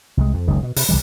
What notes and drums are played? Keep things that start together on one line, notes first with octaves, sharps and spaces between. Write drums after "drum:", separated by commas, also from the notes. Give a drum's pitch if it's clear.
C2 G3 G#3
F2
F#1 C#2 D#3
B2
C3, drum: open hi-hat
C2 E3 G3